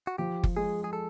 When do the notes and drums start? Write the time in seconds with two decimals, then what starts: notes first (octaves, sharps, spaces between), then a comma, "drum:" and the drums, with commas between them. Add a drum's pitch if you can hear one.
0.07 F#4
0.18 F3 G4
0.44 drum: kick F#1
0.56 G#3 G#4
0.84 G#4
0.93 A4